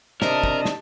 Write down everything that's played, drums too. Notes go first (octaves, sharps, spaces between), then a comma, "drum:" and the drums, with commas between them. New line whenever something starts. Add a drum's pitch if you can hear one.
C3 D4 A#4 D#5 A5, drum: snare
drum: kick
drum: snare